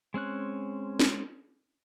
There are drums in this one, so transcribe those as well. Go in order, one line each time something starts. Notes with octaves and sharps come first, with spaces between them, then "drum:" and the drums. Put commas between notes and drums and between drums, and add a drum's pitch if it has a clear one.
G#3 C4 C#4 F#6
drum: snare